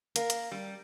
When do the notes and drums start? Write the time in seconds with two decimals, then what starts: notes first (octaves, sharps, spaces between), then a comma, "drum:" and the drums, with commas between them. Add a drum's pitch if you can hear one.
0.16 A#3, drum: hi-hat
0.30 drum: hi-hat
0.52 G3